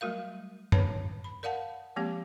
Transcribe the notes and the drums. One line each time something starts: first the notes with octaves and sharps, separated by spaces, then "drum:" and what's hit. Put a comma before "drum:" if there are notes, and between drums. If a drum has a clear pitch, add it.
F#3 G3 A3 F#4 A#4 F5
B4 C#5 A5 B5, drum: tom F#2
B5
A#4 D5 F5 F#5 A5
F3 G#3 A#3 C4 G4